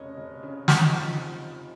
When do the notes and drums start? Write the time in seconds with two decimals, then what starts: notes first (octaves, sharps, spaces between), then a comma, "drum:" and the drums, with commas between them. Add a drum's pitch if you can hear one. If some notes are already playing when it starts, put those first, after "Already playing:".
Already playing: F1 C#3 C#5 D#5
0.17 F1
0.43 C#3
0.68 C#3 D#4, drum: snare
0.93 F3